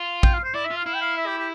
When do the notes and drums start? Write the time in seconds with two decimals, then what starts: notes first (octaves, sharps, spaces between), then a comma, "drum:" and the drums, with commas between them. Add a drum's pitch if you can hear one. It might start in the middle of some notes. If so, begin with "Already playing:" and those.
Already playing: F4
0.23 G5, drum: kick
0.34 F5
0.44 C5
0.54 E4 D5
0.65 E5
0.71 F4 F5
0.86 E4 F5
0.94 G5
1.01 F5
1.17 E5
1.27 G4
1.38 G4